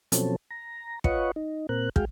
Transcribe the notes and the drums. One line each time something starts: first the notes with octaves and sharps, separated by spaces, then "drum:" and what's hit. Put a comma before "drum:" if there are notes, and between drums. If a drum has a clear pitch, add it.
B2 F3 F#3 C4 C#4 A4, drum: hi-hat
A#5
F4 B4 C#5 D#5 F#5 C#6, drum: kick
D#4
A#2 C4 A#4 F#6
G#3 F#4 G#4 F5 G5, drum: kick